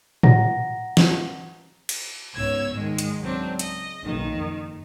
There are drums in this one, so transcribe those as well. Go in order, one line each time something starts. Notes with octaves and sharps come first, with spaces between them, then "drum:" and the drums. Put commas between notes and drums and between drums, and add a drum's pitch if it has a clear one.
F#5 A#5 A#6, drum: tom A2
drum: snare
drum: cymbal
C#2 G#2 B3 C#5 E6 G#6
G#2 D#3 G#3
drum: hi-hat
C#2 F#3 C4 D4
D#5, drum: hi-hat
F#1 B1 D#3
F2